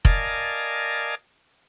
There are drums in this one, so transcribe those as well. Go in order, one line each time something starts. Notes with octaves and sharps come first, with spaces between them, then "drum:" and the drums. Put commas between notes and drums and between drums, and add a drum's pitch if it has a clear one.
A#4 D5 D#5 F5 G#5 A5, drum: kick F1